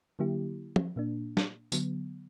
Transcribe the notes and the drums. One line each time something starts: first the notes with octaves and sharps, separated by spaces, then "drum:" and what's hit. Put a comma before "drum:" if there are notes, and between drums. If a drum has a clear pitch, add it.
D3 F#3 A#3 E4 G4
drum: tom
A#2 A#3 D4
drum: snare
D3 F#3 B3, drum: tambourine